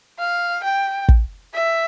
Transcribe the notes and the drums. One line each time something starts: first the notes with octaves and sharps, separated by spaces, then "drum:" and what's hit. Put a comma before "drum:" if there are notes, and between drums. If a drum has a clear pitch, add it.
F5
G5
drum: kick
E5